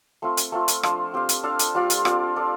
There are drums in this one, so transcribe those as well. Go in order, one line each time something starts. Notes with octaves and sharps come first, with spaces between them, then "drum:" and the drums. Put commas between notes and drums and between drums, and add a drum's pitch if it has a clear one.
A3 C4 F4
drum: hi-hat
A3 C4 F4
drum: hi-hat
F3 D4 F4, drum: rim click
C4 G4 F5
drum: hi-hat
D4 A4 F5
drum: hi-hat
G3 F4 D5 F5
drum: hi-hat
C4 F4 D5 F5, drum: rim click
D4 A4 D5 F5